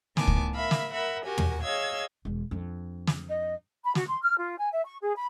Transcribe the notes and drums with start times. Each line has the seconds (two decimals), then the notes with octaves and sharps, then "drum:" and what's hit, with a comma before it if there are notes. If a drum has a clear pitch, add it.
0.17 A2 D#3 B3 G#5 A5 D6, drum: snare
0.27 drum: kick C#2
0.54 A#4 E5 F5 B5
0.71 drum: snare
0.94 A#4 E5 F#5 B5
1.24 F#4 G4 A#4 G#5
1.38 drum: tom
1.62 G#4 C#5 D#5 F5 E6 G#6
2.25 E1 E3
2.51 F2 D4
3.07 drum: snare
3.29 D#5
3.84 B5
3.95 F#4, drum: snare
4.07 C6
4.23 F6
4.37 F4
4.58 G#5
4.72 E5
4.84 C#6
5.02 G#4
5.16 B5